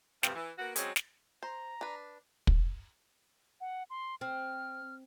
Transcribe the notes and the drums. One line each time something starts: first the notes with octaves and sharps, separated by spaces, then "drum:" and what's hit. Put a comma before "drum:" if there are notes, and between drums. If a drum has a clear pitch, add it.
D2 G2 C3 F3 C4, drum: snare
E3
A#3 B3 F#4
F#3 G#3 C4 C#4 G#4, drum: hi-hat
drum: snare
C5 A#5
D4 B4
drum: kick
F#5
C6
C4 F6